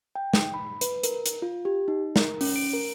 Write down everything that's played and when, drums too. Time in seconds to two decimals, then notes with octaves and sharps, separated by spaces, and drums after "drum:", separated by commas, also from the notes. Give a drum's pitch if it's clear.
0.15 G5
0.33 drum: snare
0.54 B5
0.81 B4, drum: hi-hat
1.03 A#4, drum: hi-hat
1.26 drum: hi-hat
1.42 F4
1.65 G4
1.88 D#4
2.16 A#4, drum: snare
2.41 C#4, drum: open hi-hat
2.56 D7
2.74 A#4